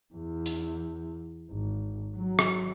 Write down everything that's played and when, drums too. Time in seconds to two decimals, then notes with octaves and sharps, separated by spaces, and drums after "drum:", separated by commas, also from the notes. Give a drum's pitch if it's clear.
0.14 E2
0.46 drum: hi-hat
1.51 G#1
2.17 F#3
2.39 drum: rim click